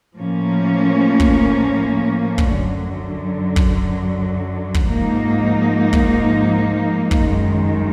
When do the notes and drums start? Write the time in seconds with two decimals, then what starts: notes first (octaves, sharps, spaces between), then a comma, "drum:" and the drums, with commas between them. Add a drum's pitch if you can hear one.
0.16 A2 F3 A#3 C#4
1.20 drum: kick
2.38 drum: kick
2.53 F#2 D3 F#3
3.56 drum: kick
4.74 drum: kick
4.89 G#2 F3 A#3 D#4
5.93 drum: kick
7.11 drum: kick
7.26 F#2 D#3 G#3